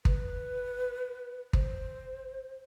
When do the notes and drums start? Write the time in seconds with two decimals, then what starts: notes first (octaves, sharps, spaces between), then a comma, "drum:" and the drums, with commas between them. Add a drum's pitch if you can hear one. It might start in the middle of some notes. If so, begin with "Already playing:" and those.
0.05 B4, drum: kick
1.53 C5, drum: kick